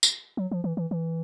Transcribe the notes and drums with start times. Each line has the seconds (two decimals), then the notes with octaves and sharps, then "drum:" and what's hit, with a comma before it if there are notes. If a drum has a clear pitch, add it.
0.03 drum: tambourine
0.37 F#3
0.51 F3
0.64 E3
0.77 E3
0.91 E3